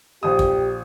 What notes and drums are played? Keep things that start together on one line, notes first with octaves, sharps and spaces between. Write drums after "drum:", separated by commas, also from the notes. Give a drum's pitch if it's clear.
A#1 G4 D#6
drum: kick